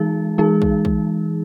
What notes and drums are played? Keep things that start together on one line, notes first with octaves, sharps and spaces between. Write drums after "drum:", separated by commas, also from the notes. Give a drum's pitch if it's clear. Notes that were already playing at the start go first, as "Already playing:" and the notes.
Already playing: E3 G#3 D#4 G#4
E3 G#3 D#4 G#4
drum: kick
drum: kick